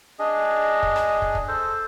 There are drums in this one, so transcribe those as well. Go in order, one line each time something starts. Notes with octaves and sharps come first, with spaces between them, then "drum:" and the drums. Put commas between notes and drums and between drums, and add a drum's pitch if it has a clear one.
D4 G#4 D#5
drum: kick
drum: rim click
drum: kick
drum: kick
A4 C5